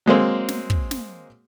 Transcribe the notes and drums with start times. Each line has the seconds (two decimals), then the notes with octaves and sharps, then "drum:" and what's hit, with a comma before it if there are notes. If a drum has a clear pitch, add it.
0.06 F#3 G#3 A#3 C4
0.49 drum: snare
0.70 drum: kick
0.91 drum: snare